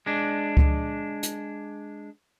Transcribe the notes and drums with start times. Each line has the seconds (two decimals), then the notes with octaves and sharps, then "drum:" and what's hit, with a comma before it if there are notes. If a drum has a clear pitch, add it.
0.06 G#3 D4
0.57 drum: kick C#2
1.23 drum: hi-hat